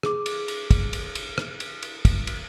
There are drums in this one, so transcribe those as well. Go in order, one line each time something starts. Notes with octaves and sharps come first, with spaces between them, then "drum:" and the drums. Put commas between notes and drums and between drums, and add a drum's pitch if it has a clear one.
G#4 D6, drum: rim click
drum: cymbal
drum: cymbal
drum: kick, cymbal
drum: cymbal
drum: cymbal
drum: rim click
drum: cymbal
drum: cymbal
drum: kick, cymbal
drum: cymbal